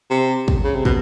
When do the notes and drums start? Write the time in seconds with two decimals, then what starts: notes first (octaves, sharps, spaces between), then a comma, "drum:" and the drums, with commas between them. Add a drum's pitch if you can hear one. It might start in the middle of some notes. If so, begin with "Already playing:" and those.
0.10 C3
0.48 drum: kick
0.64 C#3
0.75 C3
0.85 B2, drum: kick